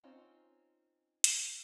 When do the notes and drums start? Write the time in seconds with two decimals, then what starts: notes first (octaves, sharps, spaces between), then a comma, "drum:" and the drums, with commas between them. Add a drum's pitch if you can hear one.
0.04 C4 C#4 D#4 F4
1.24 drum: hi-hat